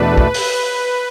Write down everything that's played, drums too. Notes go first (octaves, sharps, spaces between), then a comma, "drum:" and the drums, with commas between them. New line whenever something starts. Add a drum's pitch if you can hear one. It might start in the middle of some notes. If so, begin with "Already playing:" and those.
Already playing: E2 B2 A3 D4 B4
drum: kick
drum: open hi-hat